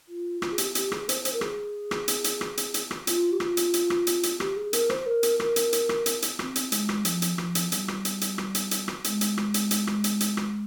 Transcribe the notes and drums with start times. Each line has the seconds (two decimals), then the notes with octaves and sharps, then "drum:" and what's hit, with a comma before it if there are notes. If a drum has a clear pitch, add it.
0.09 F4
0.42 F4, drum: rim click
0.53 G#4
0.58 G4, drum: hi-hat
0.75 G4, drum: hi-hat
0.92 G#4, drum: rim click
1.09 C5, drum: hi-hat
1.25 C5, drum: hi-hat
1.33 A#4
1.41 G#4, drum: rim click
1.91 drum: rim click
2.08 drum: hi-hat
2.24 drum: hi-hat
2.41 drum: rim click
2.57 drum: hi-hat
2.74 drum: hi-hat
2.91 drum: rim click
3.07 F4, drum: hi-hat
3.32 G4
3.40 F4, drum: rim click
3.57 drum: hi-hat
3.74 drum: hi-hat
3.90 drum: rim click
4.07 drum: hi-hat
4.23 drum: hi-hat
4.40 G4, drum: rim click
4.56 G#4
4.73 A#4, drum: hi-hat
4.90 C5, drum: rim click
5.06 A#4
5.23 drum: hi-hat
5.40 A#4, drum: rim click
5.56 drum: hi-hat
5.73 drum: hi-hat
5.89 drum: rim click
6.06 drum: hi-hat
6.22 drum: hi-hat
6.39 C4, drum: rim click
6.56 drum: hi-hat
6.72 G#3, drum: hi-hat
6.89 drum: rim click
7.05 F3, drum: hi-hat
7.22 drum: hi-hat
7.38 F3, drum: rim click
7.55 drum: hi-hat
7.72 G3, drum: hi-hat
7.88 drum: rim click
8.05 drum: hi-hat
8.21 drum: hi-hat
8.38 drum: rim click
8.55 drum: hi-hat
8.71 drum: hi-hat
8.88 drum: rim click
9.04 G#3, drum: hi-hat
9.21 drum: hi-hat
9.38 drum: rim click
9.54 drum: hi-hat
9.71 drum: hi-hat
9.87 drum: rim click
10.04 drum: hi-hat
10.20 drum: hi-hat
10.37 drum: rim click